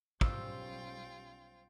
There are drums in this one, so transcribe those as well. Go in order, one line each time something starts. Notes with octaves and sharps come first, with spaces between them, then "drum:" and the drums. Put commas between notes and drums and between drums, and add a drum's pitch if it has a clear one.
B1 G3 C#4 F4 C5 G5 E6, drum: kick